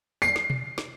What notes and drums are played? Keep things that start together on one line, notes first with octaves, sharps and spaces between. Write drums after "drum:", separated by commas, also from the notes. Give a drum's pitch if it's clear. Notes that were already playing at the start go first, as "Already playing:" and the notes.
C7, drum: tambourine
drum: snare
drum: tom B2
drum: snare